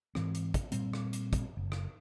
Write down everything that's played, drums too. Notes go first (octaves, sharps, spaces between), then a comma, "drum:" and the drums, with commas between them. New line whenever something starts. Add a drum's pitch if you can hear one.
G#2 E3 C4, drum: rim click
drum: hi-hat
drum: kick, hi-hat
A#2 G3 C4, drum: hi-hat
drum: rim click
drum: hi-hat
drum: kick, hi-hat
F#1
drum: rim click